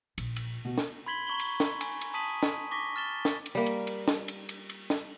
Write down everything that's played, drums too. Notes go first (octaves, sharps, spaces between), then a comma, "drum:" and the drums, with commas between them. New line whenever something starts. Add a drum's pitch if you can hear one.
A#1, drum: cymbal
drum: cymbal
B2
drum: snare
B5 C6 G#6 B6 F#7 G7
A#5 C#6 F#7 G7
drum: cymbal
drum: snare
G#5, drum: cymbal
drum: cymbal
A5 D#6 B6 D#7 F#7
drum: snare
C#6 D6 A#6 B6
F6 A6 E7 G7
drum: snare
drum: cymbal
G3 A#3
drum: cymbal
drum: cymbal
drum: snare
drum: cymbal
drum: cymbal
drum: cymbal
drum: snare